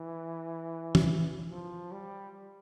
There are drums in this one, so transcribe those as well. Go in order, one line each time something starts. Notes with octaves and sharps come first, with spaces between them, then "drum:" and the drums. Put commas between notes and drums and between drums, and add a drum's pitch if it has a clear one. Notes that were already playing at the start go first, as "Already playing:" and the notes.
Already playing: E3
drum: tom
F3
G3